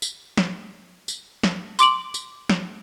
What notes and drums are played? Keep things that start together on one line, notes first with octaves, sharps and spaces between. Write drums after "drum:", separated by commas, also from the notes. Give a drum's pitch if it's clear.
drum: tambourine
drum: snare
drum: tambourine
drum: snare
C6 D6 D7 F#7, drum: tambourine
drum: tambourine
drum: snare